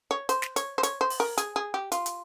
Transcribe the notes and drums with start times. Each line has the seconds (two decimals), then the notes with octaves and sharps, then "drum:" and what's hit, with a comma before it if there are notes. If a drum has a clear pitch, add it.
0.11 C#5
0.29 C5, drum: hi-hat
0.42 drum: snare
0.56 C#5, drum: hi-hat
0.78 C5
0.83 C#5, drum: hi-hat
1.01 C5
1.10 drum: open hi-hat
1.20 A#4
1.38 G#4, drum: hi-hat
1.56 G#4
1.74 G4
1.92 F4, drum: hi-hat
2.06 drum: hi-hat